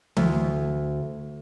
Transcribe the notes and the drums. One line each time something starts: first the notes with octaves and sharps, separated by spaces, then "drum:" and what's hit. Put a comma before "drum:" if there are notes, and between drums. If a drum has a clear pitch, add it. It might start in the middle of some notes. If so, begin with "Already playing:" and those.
D2, drum: tom E3